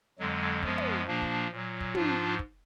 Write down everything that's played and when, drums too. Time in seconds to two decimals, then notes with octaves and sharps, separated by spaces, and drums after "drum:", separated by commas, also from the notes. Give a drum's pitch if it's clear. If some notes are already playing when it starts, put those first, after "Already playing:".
0.19 F2 D3 F#3 G#3
0.63 F#2 F3 G#3 B3, drum: kick
0.78 drum: tom
1.07 A#2 F3 A#3 D4
1.22 drum: kick
1.51 A#2 F#3
1.81 drum: kick
1.95 G#2 F3 D4 F4, drum: tom
2.39 drum: kick